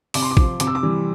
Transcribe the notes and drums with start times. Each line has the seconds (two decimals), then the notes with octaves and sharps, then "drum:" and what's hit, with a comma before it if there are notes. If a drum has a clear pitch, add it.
0.14 C3 D6, drum: open hi-hat
0.22 C6
0.31 D6
0.37 F3, drum: kick
0.60 C3 D6, drum: hi-hat
0.67 E6
0.75 D6
0.83 E3 G3